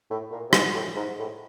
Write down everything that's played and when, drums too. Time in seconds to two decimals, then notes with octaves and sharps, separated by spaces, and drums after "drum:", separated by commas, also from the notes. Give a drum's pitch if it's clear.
0.10 A2
0.31 A#2
0.50 C3
0.53 B2, drum: rim click
0.74 A2
0.96 G#2
1.19 A2